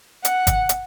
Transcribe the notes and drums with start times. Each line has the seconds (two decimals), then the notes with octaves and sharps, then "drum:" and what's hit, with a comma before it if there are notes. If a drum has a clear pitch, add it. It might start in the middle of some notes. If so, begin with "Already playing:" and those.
0.25 F#5, drum: hi-hat
0.47 drum: kick, hi-hat
0.69 drum: hi-hat